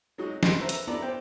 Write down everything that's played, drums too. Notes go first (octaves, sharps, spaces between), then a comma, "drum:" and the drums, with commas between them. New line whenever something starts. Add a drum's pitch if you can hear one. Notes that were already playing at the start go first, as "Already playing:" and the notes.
F#3 G#3 D#4 F#4
F2 E3 G3 F#4 F#5 C6, drum: snare
A4 B4 C5 E5 A#5
drum: hi-hat
B3 D4 E4 A4 D5 A#5
C5 G5